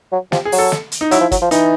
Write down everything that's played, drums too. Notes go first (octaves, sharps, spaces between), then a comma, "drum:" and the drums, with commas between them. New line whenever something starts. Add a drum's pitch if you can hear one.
F#3
F3 G4, drum: snare
G#4
F#3, drum: open hi-hat
A4
drum: snare
drum: hi-hat
D#4
F#3 E4, drum: hi-hat
F3
F#3, drum: kick, hi-hat
F3
E3 D#4, drum: hi-hat